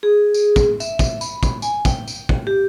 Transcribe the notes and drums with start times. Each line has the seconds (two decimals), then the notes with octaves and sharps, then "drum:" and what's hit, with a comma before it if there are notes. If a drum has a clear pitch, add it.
0.03 G#4
0.34 drum: tambourine
0.56 drum: kick, tambourine
0.80 E5, drum: tambourine
0.99 drum: kick, tambourine
1.21 B5, drum: tambourine
1.43 drum: kick, tambourine
1.62 G#5, drum: tambourine
1.85 G5, drum: kick, tambourine
2.08 drum: tambourine
2.29 drum: kick
2.47 G4